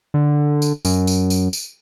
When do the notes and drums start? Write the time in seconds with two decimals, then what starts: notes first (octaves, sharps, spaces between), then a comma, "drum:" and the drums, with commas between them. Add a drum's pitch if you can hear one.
0.14 D3
0.62 drum: tambourine
0.85 F#2, drum: tambourine
1.07 drum: tambourine
1.30 drum: tambourine
1.53 drum: tambourine